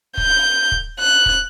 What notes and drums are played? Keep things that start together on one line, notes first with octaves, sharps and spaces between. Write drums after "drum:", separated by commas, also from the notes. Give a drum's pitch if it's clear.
G6, drum: kick
drum: kick
F#6
drum: kick